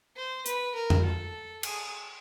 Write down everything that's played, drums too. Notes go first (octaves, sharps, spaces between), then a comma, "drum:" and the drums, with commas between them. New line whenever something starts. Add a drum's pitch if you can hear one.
C5
B4, drum: hi-hat
A#4
drum: tom F2
A4
G#4, drum: cymbal